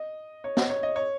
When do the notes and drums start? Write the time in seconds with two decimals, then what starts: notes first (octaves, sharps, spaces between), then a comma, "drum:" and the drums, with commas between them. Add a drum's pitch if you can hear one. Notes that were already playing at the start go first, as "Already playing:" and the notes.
Already playing: D#5
0.44 C#5
0.57 D#5, drum: snare
0.70 C#5
0.83 D#5
0.96 C#5